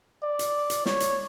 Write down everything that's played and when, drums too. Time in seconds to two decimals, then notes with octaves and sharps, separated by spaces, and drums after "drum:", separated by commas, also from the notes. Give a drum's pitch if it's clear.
0.24 D5
0.39 drum: hi-hat
0.70 drum: hi-hat
0.86 C#5, drum: snare
1.00 drum: hi-hat